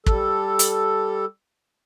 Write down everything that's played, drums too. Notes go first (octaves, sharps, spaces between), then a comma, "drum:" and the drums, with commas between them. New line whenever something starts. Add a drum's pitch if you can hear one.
G3 A4, drum: kick
drum: hi-hat